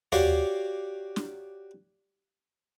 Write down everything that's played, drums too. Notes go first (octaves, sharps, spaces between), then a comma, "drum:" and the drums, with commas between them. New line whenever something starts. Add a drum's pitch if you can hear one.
F#4 G4 C#5 D5 F5, drum: tom D#2
drum: snare